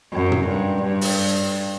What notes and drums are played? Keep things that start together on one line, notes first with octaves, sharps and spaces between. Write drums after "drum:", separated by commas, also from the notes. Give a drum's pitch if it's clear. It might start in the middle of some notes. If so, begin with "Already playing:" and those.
F#2
drum: tom
G2
G2
drum: open hi-hat